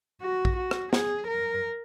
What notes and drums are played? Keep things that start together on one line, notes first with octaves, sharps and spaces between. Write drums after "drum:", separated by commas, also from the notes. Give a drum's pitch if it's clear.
F#4
drum: kick A#1
F#4
drum: rim click
G#4, drum: snare
A#4